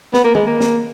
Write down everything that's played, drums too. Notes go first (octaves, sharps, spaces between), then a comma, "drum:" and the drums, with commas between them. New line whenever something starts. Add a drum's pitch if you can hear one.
B3, drum: snare
A#3
G#3, drum: tom
A#3
drum: snare